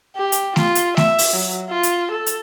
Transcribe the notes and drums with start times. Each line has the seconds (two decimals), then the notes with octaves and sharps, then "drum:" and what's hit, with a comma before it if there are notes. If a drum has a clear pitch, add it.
0.16 G4
0.32 drum: hi-hat
0.56 F4, drum: snare A3
0.75 drum: hi-hat
0.97 E5, drum: snare A3
1.18 drum: open hi-hat
1.33 F#3
1.69 F4
1.83 drum: hi-hat
2.11 A4
2.26 drum: hi-hat